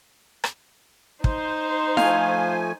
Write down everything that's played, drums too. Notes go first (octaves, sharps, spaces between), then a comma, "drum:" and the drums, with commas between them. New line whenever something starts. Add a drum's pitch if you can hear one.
drum: rim click
D#4 C5, drum: kick
F3 A3 F5 G#5, drum: snare E4